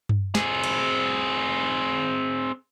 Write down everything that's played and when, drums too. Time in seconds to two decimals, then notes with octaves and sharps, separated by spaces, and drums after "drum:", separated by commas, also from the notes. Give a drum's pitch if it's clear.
0.09 drum: tom G2
0.35 C4 G#4, drum: snare
0.64 drum: cymbal